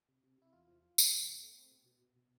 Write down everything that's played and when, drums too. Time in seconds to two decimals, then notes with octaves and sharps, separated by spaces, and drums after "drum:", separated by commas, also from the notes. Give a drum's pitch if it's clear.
0.09 C3
0.24 C3
0.38 C3 E4
0.53 E2 F4
0.68 F3
0.82 F3
0.98 C3, drum: tambourine
1.13 E2
1.27 B3
1.43 A3
1.58 C4
1.72 B2
1.86 B2
2.01 B2
2.16 B2